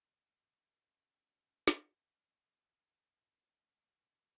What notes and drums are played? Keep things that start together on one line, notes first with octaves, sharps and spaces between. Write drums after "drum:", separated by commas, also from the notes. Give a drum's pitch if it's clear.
C#4 F#4
drum: snare
D#2
A3
C3